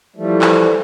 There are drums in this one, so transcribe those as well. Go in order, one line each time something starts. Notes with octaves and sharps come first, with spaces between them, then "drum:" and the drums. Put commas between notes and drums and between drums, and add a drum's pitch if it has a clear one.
E3 F3 G3 A3
drum: clap